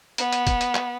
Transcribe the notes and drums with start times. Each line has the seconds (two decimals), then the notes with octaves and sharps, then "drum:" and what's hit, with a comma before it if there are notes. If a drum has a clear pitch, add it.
0.18 B3, drum: hi-hat
0.32 drum: hi-hat
0.47 drum: kick, hi-hat
0.61 drum: hi-hat
0.75 drum: clap